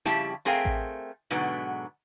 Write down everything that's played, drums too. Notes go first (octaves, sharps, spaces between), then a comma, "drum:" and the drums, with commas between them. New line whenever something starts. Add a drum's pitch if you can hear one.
F2 C#3 G3 E4 G4 A5, drum: snare
A3 C4 G#4 A#4 F5 G5
drum: kick A1
G#2 B2 D3 F#3 B3